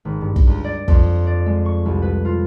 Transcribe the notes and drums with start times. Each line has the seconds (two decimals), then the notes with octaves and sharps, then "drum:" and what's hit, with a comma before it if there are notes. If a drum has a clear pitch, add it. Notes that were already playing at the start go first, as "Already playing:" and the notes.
0.05 G#1
0.21 G2
0.36 drum: kick
0.47 C#2
0.64 D5
0.88 F2, drum: kick
1.27 D5
1.46 G#3
1.66 C#6
1.86 C2
2.02 B4
2.25 F4